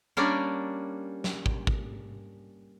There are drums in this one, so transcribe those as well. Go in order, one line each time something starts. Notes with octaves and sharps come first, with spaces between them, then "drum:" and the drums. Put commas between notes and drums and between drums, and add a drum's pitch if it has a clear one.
G3 A#3 C#4 D4 A#4 D5
drum: snare
drum: kick
drum: kick